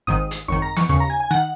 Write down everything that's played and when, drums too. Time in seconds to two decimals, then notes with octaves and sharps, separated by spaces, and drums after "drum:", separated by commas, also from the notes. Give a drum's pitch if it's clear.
0.07 G#1 G#2 D#3 D#6
0.31 drum: hi-hat
0.48 G#1 F#2 D#3 C#6
0.62 A#5
0.77 C#6, drum: snare
0.89 D#2 C#3 C#6
1.00 A#5
1.10 G#5
1.20 G#5
1.31 D#3 F#5